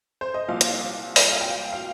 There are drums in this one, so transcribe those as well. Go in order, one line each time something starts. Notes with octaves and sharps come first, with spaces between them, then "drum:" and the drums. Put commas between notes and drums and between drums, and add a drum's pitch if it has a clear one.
C5
D#5
C2 A#2 F3 F5
drum: hi-hat
drum: open hi-hat
F5
G5
F5